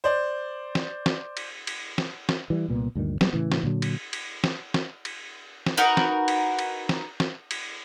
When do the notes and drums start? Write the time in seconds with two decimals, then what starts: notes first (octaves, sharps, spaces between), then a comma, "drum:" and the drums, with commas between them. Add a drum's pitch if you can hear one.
0.04 C5 D5
0.75 drum: snare
1.06 drum: snare
1.37 drum: cymbal
1.67 drum: cymbal
1.98 drum: snare
2.29 drum: snare
2.50 E3 G3
2.68 C2 A#2 B3
2.95 D2 G2 A#2 D#3
3.21 E1 F#3 G3 B3, drum: snare
3.33 A2 C#3 E3
3.52 drum: snare
3.63 A#2 D3 F#3
3.82 drum: cymbal
4.13 drum: cymbal
4.44 drum: snare
4.74 drum: snare
5.05 drum: cymbal
5.66 drum: snare
5.77 D#4 F#4 A#4 B4
5.97 drum: snare
6.28 drum: cymbal
6.59 drum: cymbal
6.89 drum: snare
7.20 drum: snare
7.51 drum: cymbal